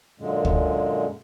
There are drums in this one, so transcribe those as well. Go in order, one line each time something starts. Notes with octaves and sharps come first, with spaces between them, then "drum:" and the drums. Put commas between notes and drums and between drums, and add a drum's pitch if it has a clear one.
F#2 A#2 D3 G#3
drum: kick